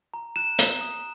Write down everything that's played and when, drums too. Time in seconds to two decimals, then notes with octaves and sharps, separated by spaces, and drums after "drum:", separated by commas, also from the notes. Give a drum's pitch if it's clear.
0.14 A#5
0.36 F#6 E7
0.59 A#5, drum: hi-hat
0.81 D#6